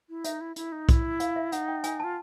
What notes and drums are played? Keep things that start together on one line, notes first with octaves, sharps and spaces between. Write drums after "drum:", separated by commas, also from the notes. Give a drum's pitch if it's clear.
E4
D#4 E5, drum: hi-hat
E4
E4, drum: hi-hat
D#4
E4, drum: kick B1, hi-hat
F5, drum: hi-hat
E5
D#4 F#5, drum: hi-hat
G5
G#5, drum: hi-hat
F4 A5